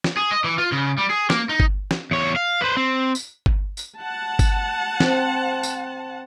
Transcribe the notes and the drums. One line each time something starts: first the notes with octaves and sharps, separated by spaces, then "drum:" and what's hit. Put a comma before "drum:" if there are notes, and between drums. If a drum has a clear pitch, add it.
drum: snare
G#4
D#5
E3
F4
C#3
G3
G#4
A#3, drum: snare
D#4
drum: kick G1
drum: snare
E2 C#5
F5
B4 C5
C4
drum: tambourine
drum: kick G1
drum: tambourine
F#5 A5
drum: kick G1, tambourine
C4, drum: snare
drum: tambourine